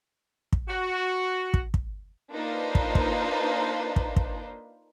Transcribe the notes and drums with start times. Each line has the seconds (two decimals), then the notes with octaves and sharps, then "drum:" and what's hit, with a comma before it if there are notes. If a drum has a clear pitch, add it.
0.53 drum: kick
0.68 F#4
1.54 drum: kick
1.74 drum: kick
2.34 A#3 D4 D#4 F4 B4 C5
2.75 drum: kick
2.95 drum: kick
3.96 drum: kick
4.16 drum: kick